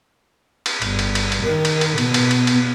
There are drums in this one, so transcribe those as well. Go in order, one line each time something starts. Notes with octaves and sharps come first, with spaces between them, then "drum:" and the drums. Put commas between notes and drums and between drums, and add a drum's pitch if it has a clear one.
drum: cymbal
G1, drum: cymbal
drum: cymbal
drum: cymbal
drum: cymbal
D#3 A#4
drum: cymbal
drum: cymbal
B2 B3, drum: cymbal
drum: cymbal
drum: cymbal
drum: cymbal